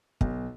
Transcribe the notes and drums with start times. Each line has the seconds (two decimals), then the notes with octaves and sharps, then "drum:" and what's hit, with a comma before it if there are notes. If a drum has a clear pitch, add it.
0.21 B1, drum: kick